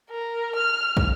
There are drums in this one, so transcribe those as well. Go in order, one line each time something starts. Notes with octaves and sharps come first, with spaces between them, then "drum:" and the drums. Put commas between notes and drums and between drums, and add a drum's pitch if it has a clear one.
A#4
F6
drum: kick